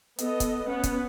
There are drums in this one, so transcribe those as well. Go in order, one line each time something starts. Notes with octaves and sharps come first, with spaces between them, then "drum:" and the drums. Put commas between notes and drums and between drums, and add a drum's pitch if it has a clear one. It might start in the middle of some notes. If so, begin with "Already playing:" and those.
B3 A4 D#5, drum: hi-hat
drum: kick, hi-hat
B3 C#4 B4 F#5
drum: kick, hi-hat